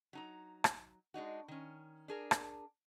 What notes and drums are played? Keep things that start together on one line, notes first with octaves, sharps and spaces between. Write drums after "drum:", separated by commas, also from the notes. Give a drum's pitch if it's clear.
F#3 D#4 A#5
drum: rim click
G#3 D4 D#4 F#4
D#3 C#4
D4 G#4 A#4
drum: rim click